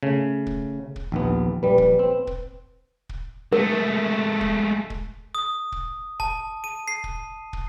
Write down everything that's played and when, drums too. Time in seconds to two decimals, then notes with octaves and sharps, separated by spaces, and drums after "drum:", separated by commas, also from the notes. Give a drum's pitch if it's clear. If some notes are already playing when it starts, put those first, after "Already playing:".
0.03 C#3 A3
0.46 drum: kick
0.96 drum: kick
1.12 A#1 D#2 B3
1.63 A#1 G3 B4
1.78 drum: kick
1.99 C4
2.27 drum: kick
3.09 drum: kick
3.53 G#3 A3 A#4
4.41 drum: kick
4.90 drum: kick
5.35 D#6
5.72 drum: kick
6.20 A5, drum: kick
6.64 D#7
6.88 C7
7.04 drum: kick
7.53 drum: kick